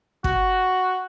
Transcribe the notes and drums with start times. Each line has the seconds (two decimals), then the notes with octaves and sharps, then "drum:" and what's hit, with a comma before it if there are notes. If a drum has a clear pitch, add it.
0.24 F#4, drum: kick